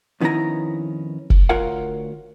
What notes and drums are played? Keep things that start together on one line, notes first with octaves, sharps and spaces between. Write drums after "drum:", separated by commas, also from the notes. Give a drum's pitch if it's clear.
F2 D#3 B3 C#4 E4 A#5
drum: kick
D2 F4 A#4 C#5 F5 F#5